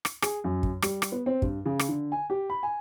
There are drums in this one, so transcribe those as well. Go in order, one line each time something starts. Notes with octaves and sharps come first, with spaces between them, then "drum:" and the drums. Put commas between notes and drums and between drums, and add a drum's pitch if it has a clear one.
drum: rim click
G#4, drum: rim click
F#2
drum: kick
G3, drum: rim click
drum: rim click
B3
C4
G2, drum: kick
C#3
drum: rim click
D3
G#5
G4
B5
G#5